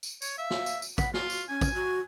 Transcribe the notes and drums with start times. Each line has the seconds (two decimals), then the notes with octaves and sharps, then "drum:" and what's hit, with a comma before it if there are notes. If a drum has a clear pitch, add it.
0.03 drum: tambourine
0.22 C#5, drum: tambourine
0.38 E5 F5
0.50 drum: snare
0.66 drum: tambourine
0.82 drum: tambourine
0.98 F#5 B5, drum: kick, tambourine
1.14 F4 F#4, drum: snare
1.30 drum: tambourine
1.49 C#4 G#5
1.61 drum: kick, tambourine
1.74 F#4